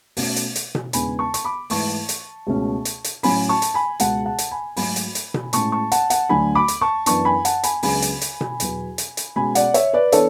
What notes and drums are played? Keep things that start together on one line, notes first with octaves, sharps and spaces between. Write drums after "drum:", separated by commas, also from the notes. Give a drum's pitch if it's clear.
B2 A3 C#4, drum: open hi-hat
drum: hi-hat
drum: hi-hat
drum: tom B2
E2 C#3 G#3 B3 D4 G#5 B5, drum: hi-hat
A5 C#6
C#6, drum: hi-hat
B5 D6
G#2 E3 A3 A5 C#6, drum: open hi-hat
drum: hi-hat
C#2 B2 A3 C#4
drum: hi-hat
drum: hi-hat
A2 F#3 C#4 G#5 B5, drum: open hi-hat
A5 C#6
drum: hi-hat
G#5 B5
C#2 B2 G#3 F#5 A5, drum: hi-hat
F#5 A5
drum: hi-hat
G#5 B5
G#2 F#3 A3 G#5 B5, drum: open hi-hat
drum: hi-hat
drum: hi-hat
drum: tom B2
A2 G#3 C#4 A5 C#6, drum: hi-hat
A5 C#6
F#5 A5, drum: hi-hat
F#5 A5, drum: hi-hat
D2 D3 F#3 G#5 B5
B5 D6
drum: hi-hat
A5 C#6
F#2 E3 B3 D4 A5 C#6, drum: hi-hat
G#5 B5
F#5 A5, drum: hi-hat
G#5 B5, drum: hi-hat
C#2 C#3 F#3 B3 D4 G#5 B5, drum: open hi-hat
drum: hi-hat
drum: hi-hat
drum: tom B2
E2 B2 F#3 B3, drum: hi-hat
drum: hi-hat
drum: hi-hat
B2 G#3 C#4 G#5 B5
D5 F#5, drum: hi-hat
C#5 E5, drum: hi-hat
B4 D5
E3 B3 D4 A4 C#5, drum: hi-hat